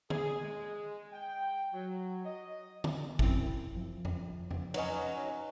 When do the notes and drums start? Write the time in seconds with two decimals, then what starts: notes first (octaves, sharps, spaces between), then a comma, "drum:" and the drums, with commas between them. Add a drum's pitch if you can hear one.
0.10 G#4, drum: tom
0.42 G#3
1.13 G5
1.73 F#3
2.25 D#5
2.84 drum: tom
3.19 F#2 C4 E4, drum: kick
3.76 F3
4.05 drum: tom F2
4.51 drum: tom F2
4.74 F#3 C#4 D#4 B4 D#5, drum: cymbal